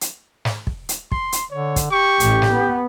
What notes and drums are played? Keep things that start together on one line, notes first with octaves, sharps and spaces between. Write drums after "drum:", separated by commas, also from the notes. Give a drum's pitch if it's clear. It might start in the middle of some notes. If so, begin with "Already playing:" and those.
drum: hi-hat
drum: snare
drum: kick
drum: hi-hat
C6, drum: kick
drum: hi-hat
D3 C#5
drum: kick, hi-hat
G4 C#6
A1, drum: hi-hat
drum: snare
B3